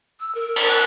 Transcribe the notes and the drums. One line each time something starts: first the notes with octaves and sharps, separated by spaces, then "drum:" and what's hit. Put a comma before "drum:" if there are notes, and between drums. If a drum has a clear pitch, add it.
E6
A#4
drum: cymbal
F#6